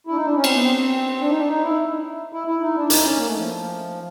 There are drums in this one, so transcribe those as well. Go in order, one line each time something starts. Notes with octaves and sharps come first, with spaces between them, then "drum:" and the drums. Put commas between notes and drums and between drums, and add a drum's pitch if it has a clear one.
D4 E4
D#4
D4
C#4
C4, drum: cymbal
B3
C4
D4
D#4
D4
D#4
E4
E4
E4
D#4
D4
D#4, drum: hi-hat
C#4
A#3
A3
F3